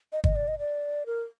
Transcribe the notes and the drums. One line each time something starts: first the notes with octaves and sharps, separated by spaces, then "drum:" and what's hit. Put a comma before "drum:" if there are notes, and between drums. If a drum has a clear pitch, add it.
D#5
D#5, drum: kick
D5
D#5
D5
A#4